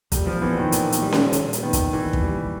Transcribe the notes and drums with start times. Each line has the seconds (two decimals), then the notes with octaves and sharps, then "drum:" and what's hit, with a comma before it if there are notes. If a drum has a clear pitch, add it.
0.12 A#2 G3, drum: kick, hi-hat
0.27 F3
0.42 E3 B3
0.57 D#3
0.72 A#2 D#3, drum: hi-hat
0.92 drum: hi-hat
1.02 G3
1.13 drum: snare C#4
1.33 A#2, drum: hi-hat
1.53 drum: hi-hat
1.63 D#3 B3
1.73 drum: kick, hi-hat
1.93 A#2 E3
2.13 drum: kick
2.23 G3